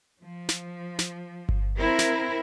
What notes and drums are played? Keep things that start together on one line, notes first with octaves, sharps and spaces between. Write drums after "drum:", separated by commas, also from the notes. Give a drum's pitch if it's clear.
F3
drum: snare
drum: snare
drum: kick G1
C4 E4 A#4
drum: snare